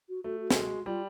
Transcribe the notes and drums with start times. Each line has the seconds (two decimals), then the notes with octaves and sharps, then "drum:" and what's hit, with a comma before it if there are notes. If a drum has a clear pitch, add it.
0.09 F#4
0.24 A3 F#4
0.40 F#4
0.51 A3, drum: snare
0.55 G#3
0.86 G3 F4